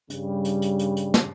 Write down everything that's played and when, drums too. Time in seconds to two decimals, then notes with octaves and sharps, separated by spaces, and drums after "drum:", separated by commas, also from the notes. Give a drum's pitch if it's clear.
0.10 G2 C#3 G3, drum: hi-hat
0.45 drum: hi-hat
0.62 drum: hi-hat
0.79 drum: hi-hat
0.97 drum: hi-hat
1.14 drum: snare